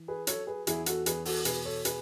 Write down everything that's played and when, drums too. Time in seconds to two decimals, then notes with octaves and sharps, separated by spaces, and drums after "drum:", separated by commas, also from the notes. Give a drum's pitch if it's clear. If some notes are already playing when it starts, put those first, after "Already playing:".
Already playing: E3
0.08 G#4 B4
0.27 F#3 A4 C#5, drum: hi-hat
0.47 G#4 B4
0.67 E2 E4 G#4, drum: hi-hat
0.86 F#4 A4, drum: hi-hat
1.06 E2 G#4 B4, drum: hi-hat
1.25 F#4 A4, drum: open hi-hat
1.45 B2 G#4 B4, drum: hi-hat
1.65 A4 C#5
1.85 G#4 B4, drum: hi-hat